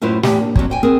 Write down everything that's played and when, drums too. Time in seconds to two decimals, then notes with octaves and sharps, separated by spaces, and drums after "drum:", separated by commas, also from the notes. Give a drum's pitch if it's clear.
0.01 F#2 A2 E4 F4 B4 C5
0.23 E2 A2 G4, drum: snare
0.40 A#3 D4
0.56 F2 F#3, drum: kick
0.70 C5 G5 G#5
0.83 B3 C4 G#4 A#4